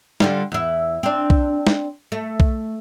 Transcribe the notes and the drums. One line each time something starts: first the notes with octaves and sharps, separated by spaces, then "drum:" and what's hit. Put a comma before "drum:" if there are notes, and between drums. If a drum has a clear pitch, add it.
D3 G3 F4, drum: snare
E2 E4
C4 D4
drum: kick B1
drum: snare
A3
drum: kick B1